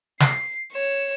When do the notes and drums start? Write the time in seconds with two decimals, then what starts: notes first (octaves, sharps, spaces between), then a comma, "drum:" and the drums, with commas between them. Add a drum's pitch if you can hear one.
0.20 C7, drum: snare
0.73 C#5 E7